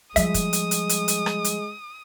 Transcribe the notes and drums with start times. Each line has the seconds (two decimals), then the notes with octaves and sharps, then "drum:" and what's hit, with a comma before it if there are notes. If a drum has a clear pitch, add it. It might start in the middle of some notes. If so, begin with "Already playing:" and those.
0.16 F3 G3 G#3 E5 D#6, drum: hi-hat
0.34 drum: kick, hi-hat
0.53 drum: hi-hat
0.71 drum: hi-hat
0.89 drum: hi-hat
1.08 drum: hi-hat
1.26 drum: rim click
1.44 drum: hi-hat